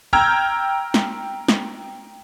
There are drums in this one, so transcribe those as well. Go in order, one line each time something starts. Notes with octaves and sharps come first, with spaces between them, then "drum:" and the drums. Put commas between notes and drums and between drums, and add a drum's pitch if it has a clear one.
G5 A#5 E6 F6 G6 G#6
drum: snare
drum: snare